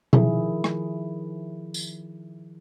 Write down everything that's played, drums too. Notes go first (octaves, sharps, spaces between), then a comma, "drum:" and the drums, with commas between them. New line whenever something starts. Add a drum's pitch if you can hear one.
D#3 F3 E4 G#4, drum: tom B2
drum: rim click
drum: tambourine